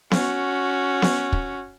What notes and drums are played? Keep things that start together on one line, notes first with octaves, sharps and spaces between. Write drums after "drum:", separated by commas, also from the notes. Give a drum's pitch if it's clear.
C#4 F#4, drum: snare B3
drum: snare B3
drum: kick